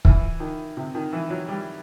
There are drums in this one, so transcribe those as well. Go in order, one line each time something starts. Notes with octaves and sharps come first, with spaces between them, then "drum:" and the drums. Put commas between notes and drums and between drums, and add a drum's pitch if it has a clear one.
E3, drum: kick
D#3
C3
D#3
E3
F#3
G3